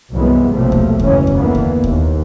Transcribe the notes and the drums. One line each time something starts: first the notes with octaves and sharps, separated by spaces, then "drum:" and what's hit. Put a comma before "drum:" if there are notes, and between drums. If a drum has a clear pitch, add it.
C2 F#2 E3 G#3 B3
B1 C3 F3 A3 A#3
drum: kick D#2
F#1 E3 C#4, drum: kick D#2
drum: kick D#2
D3 E3 A#3 B3
drum: kick D#2
D#2, drum: kick D#2